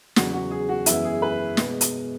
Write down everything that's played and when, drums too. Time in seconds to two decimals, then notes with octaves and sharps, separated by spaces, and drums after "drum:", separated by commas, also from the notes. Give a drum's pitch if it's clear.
0.16 E2 C#3 F#3 F#4, drum: snare
0.33 F#4
0.51 G#4
0.69 F#4
0.86 F#2 E3 G#3 B3 E4, drum: hi-hat
1.04 G#4
1.22 B4
1.57 B2 G#3 B3, drum: snare
1.81 drum: hi-hat